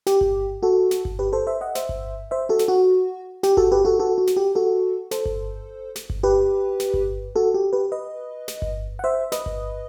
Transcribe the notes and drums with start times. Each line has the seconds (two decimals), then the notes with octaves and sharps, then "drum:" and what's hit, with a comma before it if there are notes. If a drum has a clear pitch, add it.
0.07 G4, drum: snare
0.21 drum: kick G1
0.63 F#4 A4
0.91 drum: snare
1.05 drum: kick G1
1.19 G4 B4
1.33 A4 C5
1.47 C5 E5
1.61 D#5 F#5
1.75 C5 E5, drum: snare
1.89 drum: kick G1
2.31 C5 E5
2.49 F#4 A4
2.59 drum: snare
2.68 F#4
3.43 G4, drum: snare
3.57 F#4 A4, drum: kick G1
3.72 G4 B4
3.85 F#4 A4
3.99 F#4 A4
4.18 F#4
4.27 drum: snare
4.37 G4
4.55 F#4 A4
5.11 A4 C5, drum: snare
5.25 drum: kick G1
5.96 drum: snare
6.10 drum: kick G1
6.23 G4 B4
6.80 drum: snare
6.94 drum: kick G1
7.36 F#4 A4
7.54 G4
7.73 G4 B4
7.92 B4 D#5
8.48 drum: snare
8.62 drum: kick G1
8.99 F#5
9.04 C5 E5
9.32 B4 D#5, drum: snare
9.46 drum: kick G1